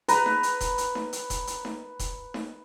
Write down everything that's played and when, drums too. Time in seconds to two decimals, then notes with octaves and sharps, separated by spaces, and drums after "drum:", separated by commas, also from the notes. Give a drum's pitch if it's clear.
0.08 B4 A#5, drum: hi-hat
0.26 drum: snare D#4
0.43 drum: hi-hat
0.60 drum: kick D#1, hi-hat
0.78 drum: hi-hat
0.95 drum: snare D#4
1.13 drum: hi-hat
1.30 drum: kick D#1, hi-hat
1.47 drum: hi-hat
1.65 drum: snare D#4
1.99 drum: kick D#1, hi-hat
2.34 drum: snare D#4